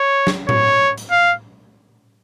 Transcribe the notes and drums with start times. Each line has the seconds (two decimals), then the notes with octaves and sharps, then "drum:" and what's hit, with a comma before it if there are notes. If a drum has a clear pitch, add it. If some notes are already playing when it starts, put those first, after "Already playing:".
Already playing: C#5
0.27 drum: snare
0.49 C#5, drum: tom A2
0.98 drum: hi-hat
1.11 F5